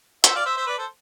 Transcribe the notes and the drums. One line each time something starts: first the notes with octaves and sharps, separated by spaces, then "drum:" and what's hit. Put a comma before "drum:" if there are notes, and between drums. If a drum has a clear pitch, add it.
C5 E5, drum: hi-hat
D5 F5
C5 E5
C5 E5
B4 D5
A4 C5